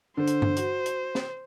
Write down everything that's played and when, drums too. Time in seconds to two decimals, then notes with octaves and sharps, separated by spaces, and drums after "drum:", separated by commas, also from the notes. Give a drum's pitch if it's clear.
0.17 D3 C5
0.28 drum: hi-hat
0.42 drum: tom G2
0.57 F#4, drum: hi-hat
0.86 drum: hi-hat
1.15 drum: snare